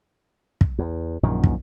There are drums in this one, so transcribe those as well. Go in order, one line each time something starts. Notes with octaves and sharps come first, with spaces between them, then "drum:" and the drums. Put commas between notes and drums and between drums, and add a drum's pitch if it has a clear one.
drum: kick
E2
A#1 F#2 A#2 D#3
drum: kick